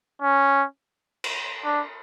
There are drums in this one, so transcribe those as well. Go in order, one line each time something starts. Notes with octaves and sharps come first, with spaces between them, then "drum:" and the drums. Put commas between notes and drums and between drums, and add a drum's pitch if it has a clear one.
C#4
drum: cymbal
D4